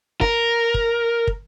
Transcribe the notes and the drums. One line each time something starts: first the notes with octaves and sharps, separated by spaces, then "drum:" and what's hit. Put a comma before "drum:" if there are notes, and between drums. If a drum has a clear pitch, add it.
A#4, drum: kick
drum: kick
drum: kick